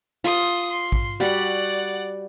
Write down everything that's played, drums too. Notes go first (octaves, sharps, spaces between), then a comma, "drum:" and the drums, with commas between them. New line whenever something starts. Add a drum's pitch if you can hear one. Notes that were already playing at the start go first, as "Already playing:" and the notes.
F4 C6 D#6, drum: open hi-hat
C6
drum: kick
G3 F#4 G4 D5 F#5